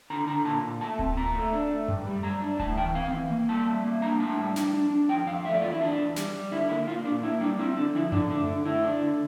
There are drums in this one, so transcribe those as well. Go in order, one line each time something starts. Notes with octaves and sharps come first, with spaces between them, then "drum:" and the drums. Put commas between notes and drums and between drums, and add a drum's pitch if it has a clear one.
D3 A#5
D3 A#5
A#2 A5
A#2
A3 A5
C4, drum: kick D1
A#2 A#5
A3
D4
A3
G2, drum: tom F#2
G3
G3 A#5
D4
A2 A5, drum: kick D1
E3 G5
C4 F5
E3
A#3
G3 A5
G3
A#3
D4 A#5
A2 A5
G3
D4, drum: snare
D4
D4
F2 G5
F2 F5
A3 E5
D5
E2 F4
E4
E2 D4
E2
G3, drum: snare
G3
D3 E4
A#3 E4
A#3 F4
A#2 D4
A#3 E4
G3 D4
C4 E4
D3 D4
F3 E4
D3 D4, drum: tom F#2
A3 D4
D3
A3 E4
D4
D3